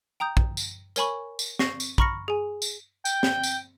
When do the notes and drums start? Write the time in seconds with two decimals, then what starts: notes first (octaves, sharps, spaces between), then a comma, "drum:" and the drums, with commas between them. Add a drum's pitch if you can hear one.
0.20 G5 A#5 D#6 G6
0.37 drum: kick
0.57 drum: tambourine
0.96 A#4 C#5 G#5 B5 C#6, drum: tambourine
1.39 drum: tambourine
1.59 C#6 G6 A#6 C7, drum: snare
1.80 drum: tambourine
1.98 A#5 B5 C#6 F6 A#6 C#7, drum: kick
2.28 G#4 G#5
2.62 drum: tambourine
3.05 G5, drum: tambourine
3.23 drum: snare
3.43 drum: tambourine